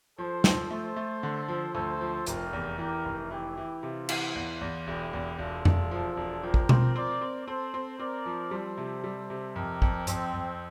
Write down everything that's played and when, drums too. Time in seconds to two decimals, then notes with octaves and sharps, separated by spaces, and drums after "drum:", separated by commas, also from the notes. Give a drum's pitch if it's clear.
0.18 F3 A4 C5
0.44 F3, drum: snare
0.70 A3 A4 C5
0.96 A3
1.23 D3
1.48 F3
1.74 D2 A4 C5
2.01 F3
2.26 F1 G4 A#4, drum: hi-hat
2.53 E2
2.79 E3 G4 A#4
3.05 F1
3.30 E3 E4 G4
3.57 E3
3.83 C3 F4
4.09 E3, drum: cymbal
4.35 E2
4.61 E2
4.87 E1 E4 G4
5.13 E2
5.38 E1 F4 A4
5.65 E1, drum: tom F2
5.91 F3
6.17 E1
6.43 F3 G4 A#4
6.54 drum: kick A1
6.69 C4, drum: tom B2
6.96 C4 A#4 D5
7.21 C4
7.47 C4 A4 C5
7.74 C4
7.99 C4 A#4 D5
8.26 F3
8.51 G3 A4 C5
8.77 C3
9.04 G3
9.30 C3
9.55 F2 G4 A#4
9.82 F2, drum: kick A1
10.07 F2 C4, drum: hi-hat
10.34 F2